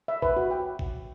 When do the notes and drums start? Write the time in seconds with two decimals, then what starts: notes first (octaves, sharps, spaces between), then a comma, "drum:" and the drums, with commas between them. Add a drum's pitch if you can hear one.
0.08 E5
0.22 B4, drum: kick G#1
0.37 F#4
0.51 G5
0.79 drum: kick G#1